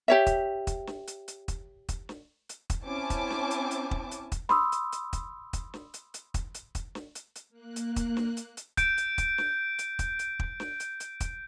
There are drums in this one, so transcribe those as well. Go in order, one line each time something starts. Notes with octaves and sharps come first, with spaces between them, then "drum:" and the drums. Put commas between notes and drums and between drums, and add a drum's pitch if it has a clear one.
G4 C#5 E5
drum: kick, hi-hat
drum: kick, hi-hat
drum: snare
drum: hi-hat
drum: hi-hat
drum: kick, hi-hat
drum: kick, hi-hat
drum: snare
drum: hi-hat
drum: kick, hi-hat
C4 C#4 E4 G#5 A5 D6
drum: kick, hi-hat
drum: snare
drum: hi-hat
drum: hi-hat
drum: kick
drum: hi-hat
drum: kick, hi-hat
B5 C6 D#6 E6, drum: snare
drum: hi-hat
drum: hi-hat
drum: kick, hi-hat
drum: kick, hi-hat
drum: snare
drum: hi-hat
drum: hi-hat
drum: kick, hi-hat
drum: hi-hat
drum: kick, hi-hat
drum: snare
drum: hi-hat
drum: hi-hat
A#3 F#6
drum: hi-hat
drum: kick, hi-hat
drum: snare
drum: hi-hat
drum: hi-hat
G6 D7, drum: kick, hi-hat
drum: hi-hat
drum: kick, hi-hat
drum: snare
drum: hi-hat
drum: kick, hi-hat
drum: hi-hat
drum: kick
drum: snare
drum: hi-hat
drum: hi-hat
drum: kick, hi-hat